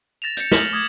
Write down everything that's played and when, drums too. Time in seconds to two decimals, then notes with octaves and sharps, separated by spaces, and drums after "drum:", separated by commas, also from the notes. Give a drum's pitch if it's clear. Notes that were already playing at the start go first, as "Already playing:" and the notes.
0.22 A6 A#6 E7 F7
0.37 G6 C#7, drum: hi-hat
0.52 F6 A#6 B6 E7 F#7, drum: snare
0.73 D6 D#6 G#6